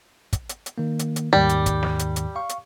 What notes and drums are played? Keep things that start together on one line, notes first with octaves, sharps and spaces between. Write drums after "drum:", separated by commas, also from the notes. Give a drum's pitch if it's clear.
drum: kick, hi-hat
drum: hi-hat
drum: hi-hat
D#3 A#3
drum: hi-hat
drum: hi-hat
D#2 G#2 D#3 G3
drum: hi-hat
drum: kick, hi-hat
drum: snare
drum: hi-hat
drum: hi-hat
F5 C#6
drum: hi-hat